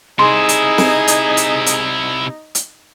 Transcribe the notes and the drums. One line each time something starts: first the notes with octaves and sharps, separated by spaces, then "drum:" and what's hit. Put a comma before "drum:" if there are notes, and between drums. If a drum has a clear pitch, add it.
C3 D#4 E4 G#4 C6
drum: hi-hat
drum: snare
drum: hi-hat
drum: hi-hat
drum: hi-hat
drum: hi-hat